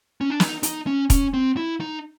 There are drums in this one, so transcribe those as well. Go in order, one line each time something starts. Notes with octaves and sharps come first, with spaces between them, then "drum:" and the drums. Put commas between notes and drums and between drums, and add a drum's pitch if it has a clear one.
C#4
D4
D#4, drum: snare
D#4, drum: hi-hat
C#4
C#4, drum: kick, hi-hat
C4
E4
D#4